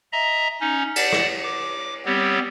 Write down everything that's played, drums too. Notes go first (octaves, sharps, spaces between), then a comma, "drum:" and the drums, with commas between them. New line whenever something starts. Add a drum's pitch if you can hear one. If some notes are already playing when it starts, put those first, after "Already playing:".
D#5 E5 A#5
C#4 D#4
D5 F#5 A5, drum: cymbal
drum: rim click
D6
G3 B3 C4 G4 C#5